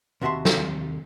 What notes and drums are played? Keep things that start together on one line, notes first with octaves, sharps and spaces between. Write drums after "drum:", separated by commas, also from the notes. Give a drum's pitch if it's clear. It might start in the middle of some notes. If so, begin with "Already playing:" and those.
D#2 C3 F#4 E5 A5 C6
drum: snare